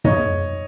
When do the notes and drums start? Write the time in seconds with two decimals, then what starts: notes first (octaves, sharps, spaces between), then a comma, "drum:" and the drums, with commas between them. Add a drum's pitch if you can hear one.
0.04 B1 C#5 D#5, drum: tom